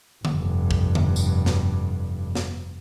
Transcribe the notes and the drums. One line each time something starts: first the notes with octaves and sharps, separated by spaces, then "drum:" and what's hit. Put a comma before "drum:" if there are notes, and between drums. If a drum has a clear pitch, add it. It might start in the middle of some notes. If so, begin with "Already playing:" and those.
F1 G2, drum: tom D3
drum: kick
drum: tom D3
drum: tambourine
drum: snare
drum: snare